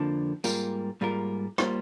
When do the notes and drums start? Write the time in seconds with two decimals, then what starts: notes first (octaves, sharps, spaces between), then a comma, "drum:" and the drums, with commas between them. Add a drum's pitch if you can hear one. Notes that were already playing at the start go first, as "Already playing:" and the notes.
Already playing: F2 D3 F3 A#3 D4
0.44 G#2 G3 A#3 F4 A#4, drum: tambourine
1.01 G#2 G3 A#3 F4 A#4
1.58 G3 A#3 F4 C5, drum: rim click